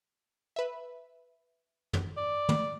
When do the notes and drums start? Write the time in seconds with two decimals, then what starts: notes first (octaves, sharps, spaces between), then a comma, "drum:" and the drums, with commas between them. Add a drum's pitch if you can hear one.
0.56 B4 E5
1.93 drum: tom
2.17 D5
2.49 drum: tom